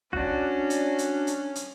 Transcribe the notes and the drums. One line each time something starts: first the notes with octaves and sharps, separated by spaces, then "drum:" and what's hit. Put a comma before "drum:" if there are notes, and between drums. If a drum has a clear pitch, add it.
C#4 D4 F#4, drum: kick
drum: hi-hat
drum: hi-hat
drum: hi-hat
drum: hi-hat